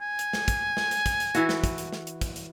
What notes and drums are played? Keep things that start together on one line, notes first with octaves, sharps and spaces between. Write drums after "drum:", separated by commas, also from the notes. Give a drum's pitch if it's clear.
G#5
drum: hi-hat
drum: snare
drum: kick, hi-hat
drum: snare
drum: hi-hat
drum: kick, hi-hat
drum: hi-hat
E3 E4 F#4, drum: hi-hat
drum: snare
drum: kick, hi-hat
drum: hi-hat
drum: snare
drum: hi-hat
drum: kick, hi-hat
drum: hi-hat